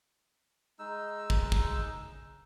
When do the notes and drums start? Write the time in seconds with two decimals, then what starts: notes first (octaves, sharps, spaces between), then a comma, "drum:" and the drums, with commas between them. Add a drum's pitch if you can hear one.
0.79 G#3 D#4 E6
1.30 drum: kick
1.52 drum: kick